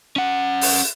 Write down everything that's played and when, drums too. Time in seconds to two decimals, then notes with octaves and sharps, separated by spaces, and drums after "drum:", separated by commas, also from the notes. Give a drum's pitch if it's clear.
0.16 C#4 F#5
0.61 drum: open hi-hat